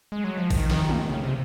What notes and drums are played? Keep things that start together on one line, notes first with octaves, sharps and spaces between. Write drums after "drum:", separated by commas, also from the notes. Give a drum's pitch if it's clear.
G#3
F#3
F3
D#3, drum: kick, open hi-hat
drum: snare
drum: tom
C#3
C3